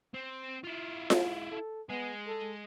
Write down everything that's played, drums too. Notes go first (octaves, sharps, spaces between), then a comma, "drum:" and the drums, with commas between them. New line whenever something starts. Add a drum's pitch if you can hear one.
C4
E4 F4
G#3, drum: snare F4
A4
G#3 B3 G#4
A4